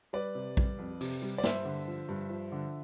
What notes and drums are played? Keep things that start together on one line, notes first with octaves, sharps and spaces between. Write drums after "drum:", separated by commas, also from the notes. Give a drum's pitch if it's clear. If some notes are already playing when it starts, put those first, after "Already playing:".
G3 B4 D5
C3
G3, drum: kick A#1
F2
C3, drum: open hi-hat
G3
D5
G2 C5 E5, drum: snare
D3
F3
G2
F3
D3